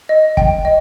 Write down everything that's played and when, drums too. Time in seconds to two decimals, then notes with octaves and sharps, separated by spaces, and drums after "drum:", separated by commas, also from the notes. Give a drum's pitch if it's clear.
0.09 D#5
0.37 G5, drum: kick
0.65 D#5